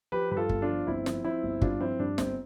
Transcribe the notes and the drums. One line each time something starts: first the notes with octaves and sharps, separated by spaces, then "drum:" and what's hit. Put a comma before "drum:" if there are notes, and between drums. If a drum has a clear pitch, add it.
F3 G4 B4
G2 B4
F4 A4
G1, drum: kick
D4 F4
F3
G1 C4 E4
F3, drum: snare
F3 C4 E4
G1
G2 D4 F4, drum: kick
F3 C4 E4
G2 D4
G1 C4, drum: snare